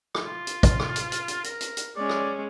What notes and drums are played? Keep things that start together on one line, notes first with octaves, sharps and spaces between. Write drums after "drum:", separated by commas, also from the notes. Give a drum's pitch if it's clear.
drum: rim click
F4
drum: hi-hat
drum: kick, hi-hat
drum: rim click
drum: hi-hat
drum: hi-hat
drum: hi-hat
A#4, drum: hi-hat
drum: hi-hat
drum: hi-hat
G#3 C#4 D5
drum: rim click